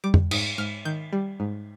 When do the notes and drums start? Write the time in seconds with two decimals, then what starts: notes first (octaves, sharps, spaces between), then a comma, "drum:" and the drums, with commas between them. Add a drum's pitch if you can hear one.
0.04 G3 D6
0.14 drum: tom F2
0.31 G#2 D#6, drum: cymbal
0.58 G#2 F6
0.85 D#3 G6
1.13 G3
1.40 G#2